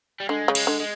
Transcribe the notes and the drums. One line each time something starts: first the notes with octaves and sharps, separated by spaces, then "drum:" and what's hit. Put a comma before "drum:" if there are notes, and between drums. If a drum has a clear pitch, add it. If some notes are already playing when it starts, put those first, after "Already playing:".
G3
D3 G#3
C#3
G#3, drum: cymbal
D3
G#3